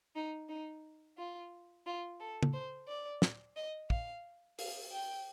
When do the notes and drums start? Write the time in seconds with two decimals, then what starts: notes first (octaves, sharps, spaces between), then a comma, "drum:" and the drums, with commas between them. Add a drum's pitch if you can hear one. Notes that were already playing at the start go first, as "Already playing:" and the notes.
0.16 D#4
0.49 D#4
1.18 F4
1.86 F4
2.20 A4
2.43 drum: tom
2.53 C5
2.88 D5
3.22 drum: snare
3.56 D#5
3.90 F5, drum: kick
4.59 F5, drum: open hi-hat
4.92 G5